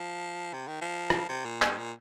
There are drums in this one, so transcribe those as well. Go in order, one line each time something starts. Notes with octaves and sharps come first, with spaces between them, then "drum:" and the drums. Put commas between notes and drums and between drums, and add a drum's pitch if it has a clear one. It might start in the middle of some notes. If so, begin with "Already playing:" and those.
Already playing: F3
C3
D#3
F3
drum: rim click
C3
A#2
G2, drum: clap
A#2